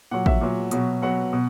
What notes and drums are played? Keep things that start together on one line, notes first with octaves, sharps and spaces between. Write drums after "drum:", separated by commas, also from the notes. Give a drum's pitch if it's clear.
A#2 F#3 F#5
E5, drum: kick A1
A#2 F#3
B2 F#3, drum: hi-hat
B2 F#3 F#5
B2